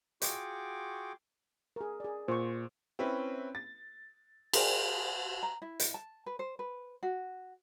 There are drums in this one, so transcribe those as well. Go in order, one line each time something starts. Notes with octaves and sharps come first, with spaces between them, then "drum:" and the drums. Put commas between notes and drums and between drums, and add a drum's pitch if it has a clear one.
F4 F#4 G#4 G5 C#6 D6, drum: hi-hat
G#4 A#4
G#4 D5
A#2 C5 C#6
C4 C#4 E4 B4
A6
G#4 A#4 C5 D5 G5 G#5, drum: cymbal
A#5
E4
drum: hi-hat
A5
B4
C5
B4
F#4